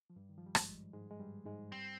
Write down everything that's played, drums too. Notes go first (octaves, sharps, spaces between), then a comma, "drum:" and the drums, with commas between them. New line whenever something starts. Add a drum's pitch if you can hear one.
F3
G2 G3
D#3
F3
G3
G#2 G#3, drum: rim click
G#2 G#3
G#3
G2 G3
G#2 G#3
G2 G3 C4